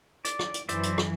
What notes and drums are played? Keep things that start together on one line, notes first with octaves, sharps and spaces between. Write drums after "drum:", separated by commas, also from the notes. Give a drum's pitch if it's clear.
D5, drum: hi-hat
drum: rim click
drum: hi-hat
F#2 E3 C5 D5 E5, drum: hi-hat
drum: hi-hat
drum: rim click